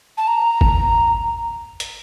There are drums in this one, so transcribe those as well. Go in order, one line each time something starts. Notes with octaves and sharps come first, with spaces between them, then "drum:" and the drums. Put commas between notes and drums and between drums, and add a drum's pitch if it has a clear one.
A5
A#5
drum: kick G1
drum: hi-hat